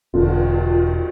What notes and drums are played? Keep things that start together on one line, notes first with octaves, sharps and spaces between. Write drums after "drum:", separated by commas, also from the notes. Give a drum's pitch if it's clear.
E1 D3 A#3 F4, drum: cymbal